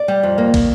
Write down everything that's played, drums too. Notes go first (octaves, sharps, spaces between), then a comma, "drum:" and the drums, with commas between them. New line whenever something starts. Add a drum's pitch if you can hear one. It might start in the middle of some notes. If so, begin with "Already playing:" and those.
Already playing: D5
G3
F2
A#3
drum: kick, cymbal